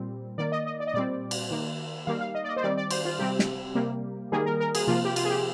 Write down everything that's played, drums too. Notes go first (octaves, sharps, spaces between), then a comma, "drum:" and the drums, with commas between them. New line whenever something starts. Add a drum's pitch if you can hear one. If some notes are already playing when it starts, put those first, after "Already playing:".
Already playing: A#2 G3 C4
D#3 A#3 D5
D#5
D#5
D5
D#5
A#2 G3 C4 D5
drum: cymbal
D#3 A#3
D#3 G3 A#3 F5
F5
D#5
D5
D#5
C5
D#3 G3 C4 D5
D5
C5, drum: cymbal
F4
C3 G3 C4 G4
drum: snare
C3 G3 A#3
D#3 G3 A#3 G#4
A#4
A#4
G#4, drum: cymbal
C3 F3 A#3 F4
G4
F4, drum: cymbal
G#4
G4